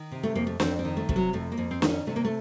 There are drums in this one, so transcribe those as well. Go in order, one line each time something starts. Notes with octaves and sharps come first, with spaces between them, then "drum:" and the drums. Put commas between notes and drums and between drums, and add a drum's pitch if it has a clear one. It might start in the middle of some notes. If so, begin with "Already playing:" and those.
Already playing: D#3
C3
A3
F2 A#3
A3
F2 C4, drum: snare
C4
D#3
A3
C3 A3, drum: kick
F#3
F2 A3
A#3
F2
C4
D#3 D#4, drum: snare
C#4
C3 A3
A#3
A3